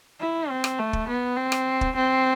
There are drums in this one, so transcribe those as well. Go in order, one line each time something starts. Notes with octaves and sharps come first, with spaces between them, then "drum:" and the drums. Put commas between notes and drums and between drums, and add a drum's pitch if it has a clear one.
E4
C4
drum: rim click
A3
drum: kick
B3
C4
drum: rim click
drum: kick
C4